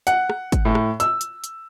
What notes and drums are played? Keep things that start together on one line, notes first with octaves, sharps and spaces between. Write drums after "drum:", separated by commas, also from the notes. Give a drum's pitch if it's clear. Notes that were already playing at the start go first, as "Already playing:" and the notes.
F#5, drum: hi-hat
drum: rim click
drum: kick, hi-hat
A2
drum: rim click
E6, drum: hi-hat
drum: hi-hat
drum: hi-hat